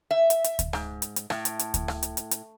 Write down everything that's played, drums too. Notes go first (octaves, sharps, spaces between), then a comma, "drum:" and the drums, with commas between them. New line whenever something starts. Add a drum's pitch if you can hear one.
E5
drum: hi-hat
drum: hi-hat
drum: kick D2, hi-hat
G#2, drum: rim click
drum: hi-hat
drum: hi-hat
A2, drum: rim click
drum: hi-hat
drum: hi-hat
drum: kick D2, hi-hat
drum: rim click
drum: hi-hat
drum: hi-hat
drum: hi-hat